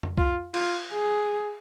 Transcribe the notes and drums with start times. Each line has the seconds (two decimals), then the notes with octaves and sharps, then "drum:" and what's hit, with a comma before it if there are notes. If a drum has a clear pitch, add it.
0.03 drum: tom F2
0.18 F4, drum: kick C2
0.54 F4, drum: cymbal
0.93 G#4